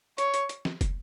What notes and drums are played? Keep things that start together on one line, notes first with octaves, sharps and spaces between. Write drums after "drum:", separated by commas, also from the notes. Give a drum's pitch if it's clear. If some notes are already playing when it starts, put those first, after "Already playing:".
C#5, drum: hi-hat
drum: hi-hat
drum: hi-hat
drum: snare
drum: kick, hi-hat